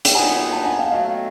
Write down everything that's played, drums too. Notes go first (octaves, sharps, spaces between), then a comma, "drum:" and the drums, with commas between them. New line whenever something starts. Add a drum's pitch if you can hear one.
G5, drum: hi-hat
A#2 F#3 B3 D#4 F#5 G#5
G5 A5
F#5 G#5
F5 G5
B2 F#3 A3 D#5 F5